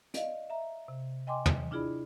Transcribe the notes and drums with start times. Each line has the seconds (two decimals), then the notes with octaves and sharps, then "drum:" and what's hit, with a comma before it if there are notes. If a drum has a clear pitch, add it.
0.14 D5 D#5 F5, drum: hi-hat
0.50 E5 A#5
0.88 C3
1.27 D#5 G5 G#5 C6 D6
1.46 drum: tom
1.71 D4 E4 F4 G#4 D5 B5